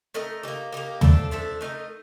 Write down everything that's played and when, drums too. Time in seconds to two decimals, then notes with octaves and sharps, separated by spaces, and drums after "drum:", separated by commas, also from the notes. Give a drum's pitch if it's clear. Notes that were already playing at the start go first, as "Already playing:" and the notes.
0.14 A3 D#4 A#4 D#5
0.43 A#3 D#4 G4
0.73 A#3 D#4 G4
1.01 F3 A3 D4 A4, drum: tom
1.31 F3 A3 D4 A4
1.61 A3 D#4 A#4 D#5